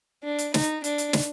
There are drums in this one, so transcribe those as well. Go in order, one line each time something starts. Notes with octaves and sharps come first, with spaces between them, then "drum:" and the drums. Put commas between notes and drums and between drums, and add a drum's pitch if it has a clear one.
D4
drum: hi-hat
D#4, drum: snare
D4, drum: hi-hat
drum: hi-hat
drum: snare